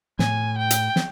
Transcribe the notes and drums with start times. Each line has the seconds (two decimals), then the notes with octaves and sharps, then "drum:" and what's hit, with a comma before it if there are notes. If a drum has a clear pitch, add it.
0.19 A2 G#5, drum: snare
0.58 G5
0.70 drum: hi-hat
0.96 drum: snare